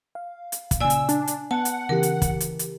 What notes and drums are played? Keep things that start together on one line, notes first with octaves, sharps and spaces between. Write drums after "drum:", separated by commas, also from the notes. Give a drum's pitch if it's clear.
F5
drum: hi-hat
drum: kick, hi-hat
A#2 C#3 D5 G#5 E6
drum: hi-hat
D4 A5, drum: hi-hat
drum: hi-hat
B3 F#5 A5
drum: hi-hat
C#3 E3 G4 A#4
drum: hi-hat
drum: kick, hi-hat
drum: hi-hat
drum: hi-hat